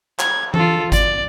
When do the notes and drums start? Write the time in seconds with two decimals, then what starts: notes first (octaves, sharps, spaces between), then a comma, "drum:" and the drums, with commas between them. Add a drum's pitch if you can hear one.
0.19 G#6, drum: clap
0.54 F4 A4, drum: tom E3
0.92 D5, drum: kick G1, hi-hat